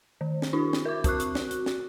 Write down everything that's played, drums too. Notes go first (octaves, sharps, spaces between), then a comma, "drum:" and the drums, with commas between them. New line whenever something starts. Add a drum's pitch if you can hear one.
D#3
drum: snare
D4 E4 F#4
drum: snare
A#4 D6
C4 F#4 C#6 F#6, drum: kick, hi-hat
drum: hi-hat
drum: snare
drum: hi-hat
drum: snare